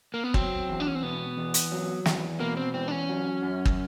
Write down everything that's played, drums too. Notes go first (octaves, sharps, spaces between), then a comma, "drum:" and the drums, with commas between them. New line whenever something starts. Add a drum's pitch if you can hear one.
A#3
B3
F#3 C4, drum: kick
E2
D4
C#4
C4
B2 B3
E2
drum: hi-hat
F#3
E2, drum: snare
B2 A#3
C4
E2 C4
D4
C#4
F#3
F#2
drum: kick